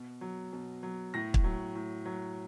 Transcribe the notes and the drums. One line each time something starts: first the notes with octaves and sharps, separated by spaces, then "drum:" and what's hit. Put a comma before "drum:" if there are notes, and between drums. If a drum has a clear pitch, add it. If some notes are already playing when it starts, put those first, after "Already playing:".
Already playing: B2
F#3
B2
F#3
A2 A#6
drum: kick
F#3
A2
F#3